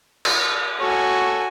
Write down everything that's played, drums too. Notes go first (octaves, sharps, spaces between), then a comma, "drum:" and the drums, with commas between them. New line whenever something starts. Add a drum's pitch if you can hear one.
drum: cymbal
F#4 A4 C#5 G#5